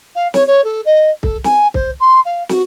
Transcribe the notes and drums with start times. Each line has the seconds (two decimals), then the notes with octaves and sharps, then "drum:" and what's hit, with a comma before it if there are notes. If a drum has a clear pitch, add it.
0.15 F5
0.34 C#5, drum: snare
0.47 C#5
0.64 A4
0.85 D#5
1.23 A4, drum: kick C2
1.44 G#5, drum: snare
1.74 C5, drum: kick C2
2.00 C6
2.25 F5
2.49 F#4, drum: snare